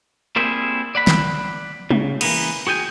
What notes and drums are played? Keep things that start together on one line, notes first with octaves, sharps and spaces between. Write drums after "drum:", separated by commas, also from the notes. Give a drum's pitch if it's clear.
G3 A#3 C4 E4 G#4
D5 F#5 B5
drum: snare
C#3, drum: tom
E3 A#3 B3, drum: cymbal
F#4 G#4 G5 G#5